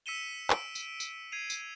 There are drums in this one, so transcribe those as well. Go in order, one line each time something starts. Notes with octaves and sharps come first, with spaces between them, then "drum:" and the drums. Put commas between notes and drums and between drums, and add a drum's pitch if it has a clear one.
E6 B6 C#7 D#7 E7 G7
E6 D7, drum: clap
drum: tambourine
drum: tambourine
G#6 C7 D#7 F7
drum: tambourine